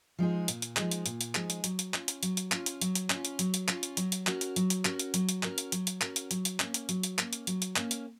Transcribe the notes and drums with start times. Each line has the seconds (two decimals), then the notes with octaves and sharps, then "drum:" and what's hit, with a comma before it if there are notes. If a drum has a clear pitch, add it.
0.18 F3 G#3 D#4 G#4
0.48 A#2, drum: hi-hat
0.62 drum: hi-hat
0.77 F3 G#3 D#4 G#4, drum: clap
0.91 drum: hi-hat
1.06 A#2, drum: hi-hat
1.21 drum: hi-hat
1.35 F3 G#3 D#4 G#4, drum: clap
1.50 drum: hi-hat
1.64 F#3, drum: hi-hat
1.79 drum: hi-hat
1.94 C#4 F4, drum: clap
2.08 drum: hi-hat
2.23 F#3, drum: hi-hat
2.37 drum: hi-hat
2.52 C#4 F4, drum: clap
2.66 drum: hi-hat
2.81 F#3, drum: hi-hat
2.95 drum: hi-hat
3.10 C#4 F4, drum: clap
3.25 drum: hi-hat
3.39 F#3, drum: hi-hat
3.54 drum: hi-hat
3.68 C#4 F4, drum: clap
3.83 drum: hi-hat
3.97 F#3, drum: hi-hat
4.12 drum: hi-hat
4.27 C#4 F#4 A#4, drum: clap
4.41 drum: hi-hat
4.56 F#3, drum: hi-hat
4.70 drum: hi-hat
4.85 C#4 F#4 A#4, drum: clap
4.99 drum: hi-hat
5.14 F#3, drum: hi-hat
5.29 drum: hi-hat
5.43 C#4 F#4 A#4, drum: clap
5.58 drum: hi-hat
5.72 F#3, drum: hi-hat
5.87 drum: hi-hat
6.01 C#4 F#4 A#4, drum: clap
6.16 drum: hi-hat
6.31 F#3, drum: hi-hat
6.45 drum: hi-hat
6.60 A#3 C#4, drum: clap
6.74 drum: hi-hat
6.89 F#3, drum: hi-hat
7.03 drum: hi-hat
7.19 A#3 C#4, drum: clap
7.33 drum: hi-hat
7.47 F#3, drum: hi-hat
7.62 drum: hi-hat
7.76 A#3 C#4, drum: clap
7.91 drum: hi-hat